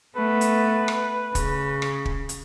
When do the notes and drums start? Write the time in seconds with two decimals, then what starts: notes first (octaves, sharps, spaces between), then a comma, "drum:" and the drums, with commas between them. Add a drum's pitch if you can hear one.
0.16 A3 B3 B4
0.41 drum: hi-hat
0.88 drum: rim click
1.35 C#3, drum: kick, hi-hat
1.82 drum: rim click
2.05 drum: kick
2.29 drum: hi-hat